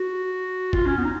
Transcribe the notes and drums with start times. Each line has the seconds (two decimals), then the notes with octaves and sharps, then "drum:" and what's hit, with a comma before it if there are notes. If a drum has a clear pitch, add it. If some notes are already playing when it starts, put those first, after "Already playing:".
Already playing: F#4
0.73 F4, drum: kick F#1
0.86 C#4
0.97 B3
1.04 D#4